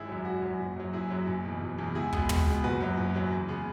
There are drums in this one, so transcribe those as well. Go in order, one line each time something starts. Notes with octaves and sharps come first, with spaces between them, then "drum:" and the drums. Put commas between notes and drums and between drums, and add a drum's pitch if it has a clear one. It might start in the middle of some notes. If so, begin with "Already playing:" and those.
Already playing: G#1 E4 G#4
F#2 F#3
G#1 F#4
F#2 F#3
F#1
F#2 F#3
F#1 E4 G#4
F#2 F#3
F#1
E2 B2
F#1
E2 B2
C#2 E4 G#4
B2 G#3 B3, drum: kick
C#2, drum: tom
B2 G#3 B3
F#1 F#4 B4
F#2 F#3
F#1
F#2 F#3
E2
C#3 G#3 B3